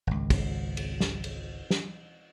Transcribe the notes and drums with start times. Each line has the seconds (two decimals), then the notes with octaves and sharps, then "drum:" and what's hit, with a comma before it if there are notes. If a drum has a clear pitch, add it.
0.07 G#1 C#2
0.30 drum: kick, cymbal
0.77 drum: cymbal
1.00 drum: snare
1.24 drum: cymbal
1.71 drum: snare